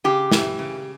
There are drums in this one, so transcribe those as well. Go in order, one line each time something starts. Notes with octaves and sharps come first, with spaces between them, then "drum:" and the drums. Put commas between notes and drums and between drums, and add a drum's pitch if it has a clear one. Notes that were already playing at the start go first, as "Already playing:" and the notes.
C#3 G4
E3, drum: snare
C#3